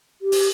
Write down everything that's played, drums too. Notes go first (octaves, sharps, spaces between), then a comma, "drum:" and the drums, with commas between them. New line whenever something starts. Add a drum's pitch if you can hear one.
G4
drum: open hi-hat